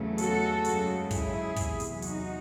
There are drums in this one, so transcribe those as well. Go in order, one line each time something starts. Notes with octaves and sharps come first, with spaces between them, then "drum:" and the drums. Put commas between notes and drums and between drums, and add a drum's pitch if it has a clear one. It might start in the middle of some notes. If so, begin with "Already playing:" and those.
Already playing: E2 C#3 F#3 A3
F#4 A4, drum: hi-hat
F#2 C#3 G#3, drum: hi-hat
E4 G#4, drum: kick, hi-hat
E2 C3 F#3, drum: kick, hi-hat
drum: hi-hat
D#4 F#4, drum: hi-hat